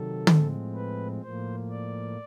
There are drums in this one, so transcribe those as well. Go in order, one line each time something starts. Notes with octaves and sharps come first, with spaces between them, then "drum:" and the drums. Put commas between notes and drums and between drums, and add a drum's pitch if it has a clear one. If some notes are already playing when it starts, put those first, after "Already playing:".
Already playing: C3 D#3 F#3 A4
A2 F3 G#3 C4, drum: tom
B4
A2 F3 A#3 C5
D5